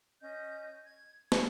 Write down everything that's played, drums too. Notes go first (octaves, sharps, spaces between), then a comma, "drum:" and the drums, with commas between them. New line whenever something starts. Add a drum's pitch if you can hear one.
C#4 D#5 G6
G#6
G#5, drum: snare